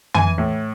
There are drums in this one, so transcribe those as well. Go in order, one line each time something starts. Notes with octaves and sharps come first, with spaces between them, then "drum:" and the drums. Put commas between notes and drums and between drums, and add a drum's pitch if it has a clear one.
E3 G#5, drum: tom
A2